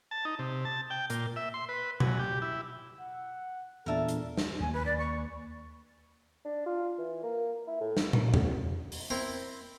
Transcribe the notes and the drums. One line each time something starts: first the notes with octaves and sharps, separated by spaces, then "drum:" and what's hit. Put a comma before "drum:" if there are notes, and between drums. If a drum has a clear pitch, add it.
A5
D#4
C3
A5
G5
A#2, drum: hi-hat
E5
C6
B4
F#3, drum: tom B2
G4
E4
F#5
E2 A#2 D4 A4 A#4 E5 A5
drum: hi-hat
drum: snare
D#2 A3 A#3 G#5
B4
D5
C#6
D4
F4
E3
A#3
E4
A2
drum: snare
drum: tom
drum: tom E2
drum: open hi-hat
C4 E4 A#4 A#5